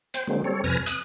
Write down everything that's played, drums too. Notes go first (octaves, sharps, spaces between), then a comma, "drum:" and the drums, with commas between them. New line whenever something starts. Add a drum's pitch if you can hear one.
C5 G5, drum: hi-hat
D3 F#3 G#3 A#3 C4
G3 C4 A4 C#5
F2 C3 B4 G#5 F6 A#6
D#6 F#6, drum: hi-hat